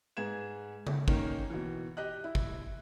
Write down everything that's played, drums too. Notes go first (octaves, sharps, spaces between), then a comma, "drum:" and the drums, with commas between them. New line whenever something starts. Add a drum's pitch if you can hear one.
G#2 G#4 B4 G#6 E7
drum: tom C#3
D#3 A#3 C#4 D#4, drum: kick
B2 E3
G4 D#5 F#6
E4
drum: kick